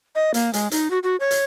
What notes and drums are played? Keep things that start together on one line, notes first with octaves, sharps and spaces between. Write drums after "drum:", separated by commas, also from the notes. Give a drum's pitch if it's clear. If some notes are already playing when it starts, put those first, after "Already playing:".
D#5
A#3, drum: hi-hat
G#3, drum: hi-hat
D#4, drum: hi-hat
F#4
F#4
C#5
drum: hi-hat